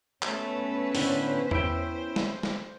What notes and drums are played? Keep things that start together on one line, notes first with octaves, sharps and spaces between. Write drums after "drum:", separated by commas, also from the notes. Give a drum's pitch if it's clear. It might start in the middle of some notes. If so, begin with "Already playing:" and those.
A3 B3 C#4 B4, drum: clap
A2 D3 C5, drum: open hi-hat
E4 E5 G5, drum: tom E2
drum: snare
drum: snare